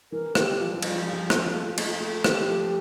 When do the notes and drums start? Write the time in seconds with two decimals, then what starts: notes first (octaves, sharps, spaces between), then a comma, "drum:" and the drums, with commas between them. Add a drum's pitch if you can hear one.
0.12 E3 A#4
0.35 E3 G4, drum: rim click
0.59 F3 F4
0.68 G3
0.77 F3
0.82 G3 F4, drum: cymbal
0.96 F3
1.04 G3
1.13 F3
1.30 drum: rim click
1.54 A3
1.78 A3, drum: cymbal
2.01 A3
2.24 G4, drum: rim click
2.48 F3